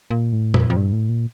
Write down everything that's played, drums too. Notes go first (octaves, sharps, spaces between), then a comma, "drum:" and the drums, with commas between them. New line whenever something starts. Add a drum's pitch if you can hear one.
A#2
A2
F2, drum: tom A#2
F2
G2
A2
A#2